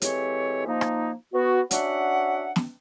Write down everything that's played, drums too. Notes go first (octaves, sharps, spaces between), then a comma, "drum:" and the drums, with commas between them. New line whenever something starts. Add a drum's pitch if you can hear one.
E3 G#3 C4 G4 A4 C#5, drum: hi-hat
F3 A#3 D#4
drum: rim click
B3 F#4
C#4 D4 F#4 E5 F#5, drum: hi-hat
drum: snare